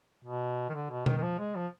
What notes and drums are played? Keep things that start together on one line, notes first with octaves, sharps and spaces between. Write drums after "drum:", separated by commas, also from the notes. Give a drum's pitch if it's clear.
B2
D#3
D3
B2
D#3, drum: tom B2
D#3
F3
G#3
F3